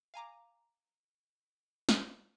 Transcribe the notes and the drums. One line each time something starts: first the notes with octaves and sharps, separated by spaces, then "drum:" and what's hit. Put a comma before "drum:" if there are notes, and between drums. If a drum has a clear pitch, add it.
F5 G#5 A#5 D6
drum: snare